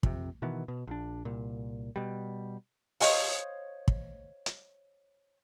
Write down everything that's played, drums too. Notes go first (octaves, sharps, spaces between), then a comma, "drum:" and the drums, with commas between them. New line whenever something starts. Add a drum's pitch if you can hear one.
F2 C3, drum: kick
B2 D#3 E3 B3
B2
A#1 D4
C2 A#2
B2 G3
C5 C#5 D#5 F5, drum: open hi-hat
drum: kick
drum: hi-hat